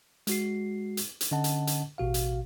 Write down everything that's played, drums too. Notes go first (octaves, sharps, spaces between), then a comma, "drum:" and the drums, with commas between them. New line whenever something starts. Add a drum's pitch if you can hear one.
G#3 F#4 C7, drum: hi-hat
drum: hi-hat
drum: hi-hat
D3 C#4 D#5 F#5 A5
drum: hi-hat
drum: hi-hat
A1 B2 F#4 F5
drum: hi-hat